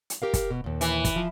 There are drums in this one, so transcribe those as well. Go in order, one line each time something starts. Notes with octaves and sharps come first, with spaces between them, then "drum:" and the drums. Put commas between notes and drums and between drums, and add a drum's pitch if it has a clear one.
drum: hi-hat
G4 A#4 F5
drum: kick, hi-hat
B2
D#2 A#2
E3, drum: hi-hat
drum: kick, hi-hat
F3